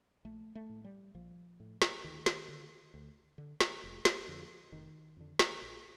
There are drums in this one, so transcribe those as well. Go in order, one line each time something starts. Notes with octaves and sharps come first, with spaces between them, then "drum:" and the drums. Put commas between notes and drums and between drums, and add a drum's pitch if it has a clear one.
A#1 A3
A3
A2
G3
A#1 F3
A2
drum: snare
D2 D#3
drum: snare
D3
D2
D3
drum: snare
F1
drum: snare
F2 D3
F1 D#3
F2 D3
drum: snare
A#1